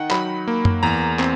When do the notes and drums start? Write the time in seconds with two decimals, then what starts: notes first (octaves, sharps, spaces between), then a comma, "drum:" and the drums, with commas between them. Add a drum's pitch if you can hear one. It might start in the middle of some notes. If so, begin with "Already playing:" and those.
Already playing: D#3 D#4 F#5 G5
0.11 F#3 B5, drum: clap
0.48 A#3
0.65 drum: tom F#2
0.83 E2 A#5
1.19 C4, drum: clap